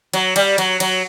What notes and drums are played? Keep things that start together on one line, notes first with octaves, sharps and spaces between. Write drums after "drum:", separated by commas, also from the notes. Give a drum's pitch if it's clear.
F#3, drum: cymbal
G3, drum: cymbal
F#3, drum: cymbal
F#3, drum: cymbal